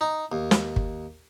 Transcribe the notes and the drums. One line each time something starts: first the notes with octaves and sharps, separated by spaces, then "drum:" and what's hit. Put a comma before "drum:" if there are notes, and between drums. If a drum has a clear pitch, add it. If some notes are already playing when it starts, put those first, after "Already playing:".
D#4
D#2
drum: snare
drum: kick